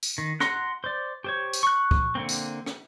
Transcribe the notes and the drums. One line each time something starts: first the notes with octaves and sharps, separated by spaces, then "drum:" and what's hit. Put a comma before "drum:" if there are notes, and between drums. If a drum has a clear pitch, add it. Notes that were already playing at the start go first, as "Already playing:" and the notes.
drum: tambourine
D#3
F#5 A#5 C6, drum: rim click
C5 D5
G4 C5 C#5
drum: tambourine
C#6 F#6
drum: kick
D3 A#3 C4
drum: tambourine
drum: rim click